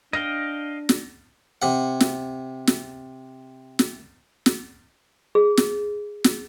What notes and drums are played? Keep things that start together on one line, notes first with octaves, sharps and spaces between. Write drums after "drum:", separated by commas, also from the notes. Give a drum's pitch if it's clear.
D4 D#5 F5 G5 A#6
drum: snare
C3 F#5
drum: snare
drum: snare
drum: snare
drum: snare
G#4
drum: snare
drum: snare